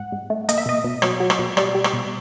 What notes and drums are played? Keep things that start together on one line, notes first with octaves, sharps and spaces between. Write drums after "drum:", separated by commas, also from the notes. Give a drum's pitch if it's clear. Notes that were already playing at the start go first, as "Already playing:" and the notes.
Already playing: G#2 F#5
G#2
A3
A#3 D#5, drum: hi-hat
E5
B2 D#5
B2
F#3 C#5, drum: rim click
F#3
drum: rim click
B2
G3 D5, drum: rim click
G3
drum: rim click
B2